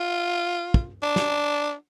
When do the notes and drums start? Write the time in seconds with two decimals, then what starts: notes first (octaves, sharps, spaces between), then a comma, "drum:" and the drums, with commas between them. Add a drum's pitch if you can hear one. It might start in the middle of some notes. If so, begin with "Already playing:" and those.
Already playing: F4
0.74 drum: kick
1.02 D4
1.16 drum: snare